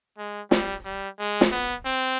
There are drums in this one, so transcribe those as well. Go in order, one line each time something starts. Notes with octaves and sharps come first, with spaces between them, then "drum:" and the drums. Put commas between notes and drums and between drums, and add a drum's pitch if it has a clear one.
G#3
G3, drum: snare
G3
G#3
drum: snare
B3
C4